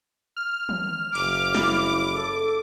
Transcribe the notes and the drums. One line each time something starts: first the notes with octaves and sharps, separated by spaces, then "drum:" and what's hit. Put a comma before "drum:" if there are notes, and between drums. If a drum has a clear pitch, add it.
F6
drum: tom
F#1 D6, drum: cymbal
E4, drum: snare
A4